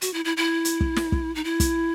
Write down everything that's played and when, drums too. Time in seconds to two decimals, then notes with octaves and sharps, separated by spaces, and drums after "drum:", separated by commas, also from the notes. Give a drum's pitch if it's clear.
0.02 F#4, drum: hi-hat
0.14 E4
0.25 E4
0.37 E4
0.65 drum: hi-hat
0.81 drum: kick
0.96 drum: snare
1.12 drum: kick
1.35 D#4
1.44 E4
1.60 drum: kick, hi-hat